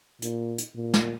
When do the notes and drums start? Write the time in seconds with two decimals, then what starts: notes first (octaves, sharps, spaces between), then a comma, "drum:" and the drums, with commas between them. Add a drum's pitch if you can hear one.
0.22 A#2, drum: hi-hat
0.58 drum: hi-hat
0.76 A#2
0.94 drum: snare